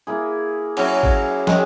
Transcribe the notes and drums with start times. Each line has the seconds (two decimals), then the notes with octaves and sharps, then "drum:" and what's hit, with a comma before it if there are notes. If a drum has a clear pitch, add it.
0.07 A#3 E4 G#4
0.77 F#3 C#4 E4 G#4, drum: cymbal
1.03 drum: kick G#1
1.47 D#3 G#3 D#4, drum: snare